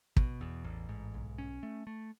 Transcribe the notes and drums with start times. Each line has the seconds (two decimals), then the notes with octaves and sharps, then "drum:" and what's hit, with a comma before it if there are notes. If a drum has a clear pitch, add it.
0.17 B2, drum: kick
0.41 E2
0.64 A1
0.89 G#2
1.14 B1
1.38 C#4
1.63 A3
1.87 A3